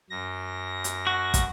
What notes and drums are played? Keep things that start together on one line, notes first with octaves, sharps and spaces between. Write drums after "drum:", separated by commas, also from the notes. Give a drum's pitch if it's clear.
F#2 A#6
drum: hi-hat
F#4
drum: kick, hi-hat